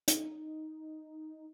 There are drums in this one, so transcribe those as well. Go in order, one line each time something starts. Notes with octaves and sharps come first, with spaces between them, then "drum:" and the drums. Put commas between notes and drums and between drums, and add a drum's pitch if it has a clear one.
D#4, drum: hi-hat